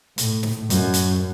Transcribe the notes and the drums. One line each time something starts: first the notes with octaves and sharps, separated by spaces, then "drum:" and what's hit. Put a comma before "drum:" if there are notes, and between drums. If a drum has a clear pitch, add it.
A2, drum: hi-hat
drum: snare
F#2, drum: hi-hat
drum: hi-hat